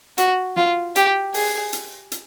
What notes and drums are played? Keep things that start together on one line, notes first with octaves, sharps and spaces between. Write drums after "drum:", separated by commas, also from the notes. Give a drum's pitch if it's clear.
F#4, drum: hi-hat
F4, drum: snare
G4, drum: hi-hat
G#4, drum: open hi-hat
drum: hi-hat
drum: hi-hat